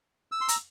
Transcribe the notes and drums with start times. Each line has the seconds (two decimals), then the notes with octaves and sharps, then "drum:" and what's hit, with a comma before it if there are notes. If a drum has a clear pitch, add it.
0.32 E6
0.41 C6
0.49 A#5, drum: hi-hat